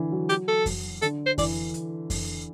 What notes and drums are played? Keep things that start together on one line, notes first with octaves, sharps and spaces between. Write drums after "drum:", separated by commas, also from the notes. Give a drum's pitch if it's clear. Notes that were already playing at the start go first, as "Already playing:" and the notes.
Already playing: D3 E3
F#3
G4, drum: hi-hat
A4
drum: kick F2, open hi-hat
D3 A4, drum: hi-hat
C5
E3 D5, drum: kick F2, open hi-hat
drum: hi-hat
drum: kick F2, open hi-hat